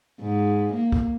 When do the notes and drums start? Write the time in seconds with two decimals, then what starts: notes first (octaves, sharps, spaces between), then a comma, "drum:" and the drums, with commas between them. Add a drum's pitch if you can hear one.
0.21 G#2
0.73 A#3
0.92 drum: kick